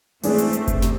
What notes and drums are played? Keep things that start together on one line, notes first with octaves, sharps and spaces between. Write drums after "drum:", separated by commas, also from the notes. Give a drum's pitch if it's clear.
E3 G#3 A3 C4 D4 G#4, drum: open hi-hat
drum: hi-hat
drum: hi-hat
drum: kick F#1, hi-hat
C3, drum: snare